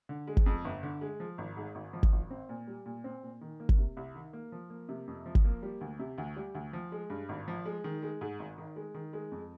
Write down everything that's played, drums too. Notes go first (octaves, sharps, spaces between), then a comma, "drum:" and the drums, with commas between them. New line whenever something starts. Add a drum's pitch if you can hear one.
D3
G#3
drum: kick G1
F2
G1
D3
G#3
F3
G#1
G#2
G#1
F3
drum: kick G1
G#1
C4
A#2
G3
A#2
C4
A#2
D#3
A#3
drum: kick G1
C3
C2
D#3
A#3
F3
A#3
C3
F2
F3
drum: kick G1
A#3
G3
D2
C3
D2
G3
D2
F3
G#3
G2
G#1
F3
G#3
D#3
G#3
G#2
G#1
D#3
G#3
D#3
G#3
F2